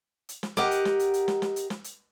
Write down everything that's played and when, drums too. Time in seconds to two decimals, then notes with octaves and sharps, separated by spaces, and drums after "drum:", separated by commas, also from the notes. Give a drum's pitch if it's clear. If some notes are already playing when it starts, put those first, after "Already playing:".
0.29 drum: hi-hat
0.43 drum: snare
0.57 G4 A#4 D#5 F#5, drum: snare
0.71 drum: hi-hat
0.85 drum: snare
0.99 drum: hi-hat
1.14 drum: hi-hat
1.28 drum: snare
1.42 drum: snare
1.56 drum: hi-hat
1.70 drum: snare
1.84 drum: hi-hat